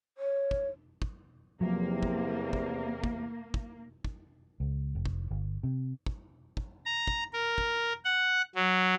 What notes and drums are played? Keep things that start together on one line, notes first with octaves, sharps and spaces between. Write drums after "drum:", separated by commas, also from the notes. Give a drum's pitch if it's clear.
C#5
drum: kick
drum: kick
E2 C3 F3 F#3 A#3
drum: kick
drum: kick
drum: kick
drum: kick
drum: kick
C#2
F1
drum: kick
G1
C3
drum: kick
drum: kick
A#5
drum: kick
A#4
drum: kick
F#5
F#3